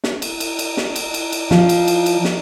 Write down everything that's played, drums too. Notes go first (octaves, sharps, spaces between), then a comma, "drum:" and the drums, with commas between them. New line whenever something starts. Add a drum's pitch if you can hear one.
drum: snare
drum: cymbal
drum: cymbal
drum: cymbal
drum: snare
drum: cymbal
drum: cymbal
drum: cymbal
F3, drum: snare
drum: cymbal
drum: cymbal
drum: cymbal
drum: snare